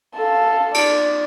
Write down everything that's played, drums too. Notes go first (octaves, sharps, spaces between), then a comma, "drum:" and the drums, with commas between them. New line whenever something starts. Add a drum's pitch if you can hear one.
A4 F5
D5, drum: cymbal